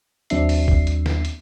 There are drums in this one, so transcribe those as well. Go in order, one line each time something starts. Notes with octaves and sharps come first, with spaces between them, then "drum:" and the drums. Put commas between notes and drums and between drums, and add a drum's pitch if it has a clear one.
D#2 F#3 C4 D4 E5 C7, drum: hi-hat
drum: open hi-hat
drum: kick
drum: hi-hat
drum: snare
drum: hi-hat